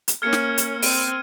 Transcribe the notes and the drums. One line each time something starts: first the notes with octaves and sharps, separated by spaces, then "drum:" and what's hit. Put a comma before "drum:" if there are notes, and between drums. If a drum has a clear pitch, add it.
drum: hi-hat
A#3 C#4 F6 G#6 C#7
drum: snare
drum: hi-hat
C4 D#7, drum: open hi-hat